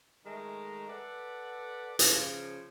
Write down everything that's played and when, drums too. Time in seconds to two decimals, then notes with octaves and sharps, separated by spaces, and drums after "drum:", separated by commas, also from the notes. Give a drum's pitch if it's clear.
0.25 D#3 G#3 A3 A#4
0.89 A4 B4 D5 F#5
1.99 C#3 F3, drum: hi-hat